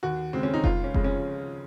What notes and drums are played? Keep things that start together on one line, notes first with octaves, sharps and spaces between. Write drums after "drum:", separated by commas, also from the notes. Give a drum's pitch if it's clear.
D#2 F#4
C#3 G#3 C4
C#4
D#4
C#2 F4, drum: kick F1
C#4
C#3 F3 G#3, drum: kick F1
C#4